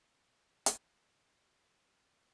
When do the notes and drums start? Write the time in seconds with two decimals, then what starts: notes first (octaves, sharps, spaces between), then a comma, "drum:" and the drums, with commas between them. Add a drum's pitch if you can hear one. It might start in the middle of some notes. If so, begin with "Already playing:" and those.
0.12 C6 F#6 A6 C7 C#7
0.66 drum: hi-hat
1.38 F3 A3